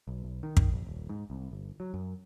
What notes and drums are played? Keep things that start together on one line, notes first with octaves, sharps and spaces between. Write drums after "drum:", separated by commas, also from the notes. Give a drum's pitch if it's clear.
B1
B1
D#3
drum: kick
A#1
D#1
G#2
C2
G1
F#3
F#2